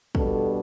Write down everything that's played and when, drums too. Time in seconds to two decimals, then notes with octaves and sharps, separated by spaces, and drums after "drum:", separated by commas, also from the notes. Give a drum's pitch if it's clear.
0.15 B2 G3 D4 A4, drum: kick